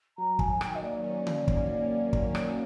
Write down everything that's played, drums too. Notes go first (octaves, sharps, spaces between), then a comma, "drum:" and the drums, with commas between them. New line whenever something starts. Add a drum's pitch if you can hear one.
F#3 A#5
D#3 G#5, drum: kick
F#3 G5, drum: rim click
D#5
A#3 D5
C#4
C#4, drum: tom D3
A#3, drum: kick
drum: kick
drum: rim click